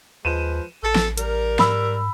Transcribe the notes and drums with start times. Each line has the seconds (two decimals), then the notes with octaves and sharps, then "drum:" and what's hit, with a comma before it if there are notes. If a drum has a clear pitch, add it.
0.25 D#2 F3 G#3 B4 D#7 E7
0.83 A1 A4
0.95 drum: snare
1.18 G3 A#4, drum: hi-hat
1.59 G#2 B5 E6, drum: snare